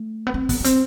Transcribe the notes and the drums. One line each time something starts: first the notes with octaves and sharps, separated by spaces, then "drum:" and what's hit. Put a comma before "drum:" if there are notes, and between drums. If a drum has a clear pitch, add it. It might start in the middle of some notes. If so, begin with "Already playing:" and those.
Already playing: A3
B3
C4
B3, drum: kick, open hi-hat
B3
C4, drum: hi-hat